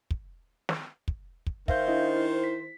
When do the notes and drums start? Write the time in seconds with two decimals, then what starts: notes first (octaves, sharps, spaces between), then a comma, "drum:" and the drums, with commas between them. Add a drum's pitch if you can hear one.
0.11 drum: kick
0.69 drum: snare
1.08 drum: kick
1.46 drum: kick
1.68 D#3 C5 E5 F5 G6, drum: kick
1.87 D4 E4 D#5
2.17 E4
2.44 B6